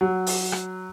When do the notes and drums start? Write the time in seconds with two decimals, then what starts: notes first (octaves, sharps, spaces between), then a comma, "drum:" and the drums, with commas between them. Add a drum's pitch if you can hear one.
0.01 F#3
0.26 drum: open hi-hat
0.52 drum: rim click